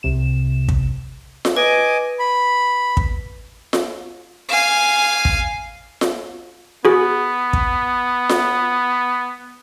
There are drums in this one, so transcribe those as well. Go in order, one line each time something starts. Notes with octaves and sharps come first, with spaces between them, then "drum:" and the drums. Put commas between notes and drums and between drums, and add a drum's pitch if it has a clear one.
C2 C3 E7
drum: kick
drum: snare F4
B4 D#5 G#5 D6
B5
drum: kick
drum: snare F4
F5 G#5
drum: kick
drum: snare F4
B3 F#4 G#4
drum: kick
drum: snare F4